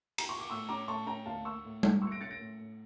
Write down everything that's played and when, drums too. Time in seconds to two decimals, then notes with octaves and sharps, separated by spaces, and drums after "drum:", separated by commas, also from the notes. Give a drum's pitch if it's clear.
0.18 A#5, drum: cymbal
0.29 C#6
0.40 D6
0.50 A2 C#6 E6
0.69 C#4 A#5 D6
0.88 A2 A5 C#6
1.06 C#4 G5 A#5
1.26 D2 F5 A5
1.45 A#3 C#6 E6
1.64 A2
1.83 A2, drum: tom G3
2.02 A#2 C#6 E6
2.07 C#7
2.12 A#6 D7
2.21 C#4 A6 C#7
2.31 A#6 D7
2.40 A2
2.59 A2